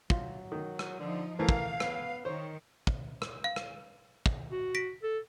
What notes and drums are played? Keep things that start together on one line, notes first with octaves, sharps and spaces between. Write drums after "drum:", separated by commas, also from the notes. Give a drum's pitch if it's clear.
F#3 F4, drum: kick
D#3
drum: rim click
D3 F3 D#4
E3 A3 A#4 C5 F5
drum: kick
B3, drum: rim click
D#3 C5 C#5
drum: kick
drum: rim click
F5
drum: rim click
drum: kick
F#4
A#6 B6 D7
A4